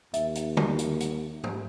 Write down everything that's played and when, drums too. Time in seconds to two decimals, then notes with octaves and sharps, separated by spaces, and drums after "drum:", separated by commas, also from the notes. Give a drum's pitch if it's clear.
0.14 D#2 E5, drum: hi-hat
0.35 drum: hi-hat
0.57 drum: tom
0.79 drum: hi-hat
1.00 drum: hi-hat
1.44 drum: tom